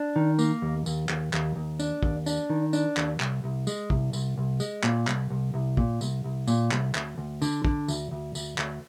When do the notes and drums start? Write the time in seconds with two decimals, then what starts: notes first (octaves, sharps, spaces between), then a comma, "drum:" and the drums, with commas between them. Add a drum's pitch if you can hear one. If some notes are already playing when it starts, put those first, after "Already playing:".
Already playing: D4
0.16 D#3
0.39 A#3, drum: tambourine
0.62 D#2
0.86 D#2, drum: tambourine
1.09 D#2, drum: clap
1.33 D#2, drum: clap
1.56 D#2
1.79 D4, drum: tambourine
2.03 D#2, drum: kick
2.26 D4, drum: tambourine
2.50 D#3
2.73 D4, drum: tambourine
2.97 D#2, drum: clap
3.20 C2, drum: clap
3.44 C2
3.67 G#3, drum: tambourine
3.90 C2, drum: kick
4.13 C2, drum: tambourine
4.38 C2
4.60 G#3, drum: tambourine
4.83 A#2, drum: clap
5.07 C2, drum: clap
5.31 C2
5.54 C2
5.77 A#2, drum: kick
6.01 C2, drum: tambourine
6.24 C2
6.48 A#2, drum: tambourine
6.71 C2, drum: clap
6.95 D2, drum: clap
7.18 D2
7.42 D3, drum: tambourine
7.65 D3, drum: kick
7.88 D2, drum: tambourine
8.11 D2
8.35 D2, drum: tambourine
8.58 D2, drum: clap